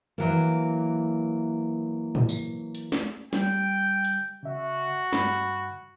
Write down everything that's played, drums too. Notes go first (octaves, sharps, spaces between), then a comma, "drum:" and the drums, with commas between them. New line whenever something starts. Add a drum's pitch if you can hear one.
E3 F#3 A#3
drum: tom
drum: tambourine
drum: hi-hat
drum: snare
G3 G5, drum: snare
drum: hi-hat
C#3 F#4 E5
G2 B5, drum: snare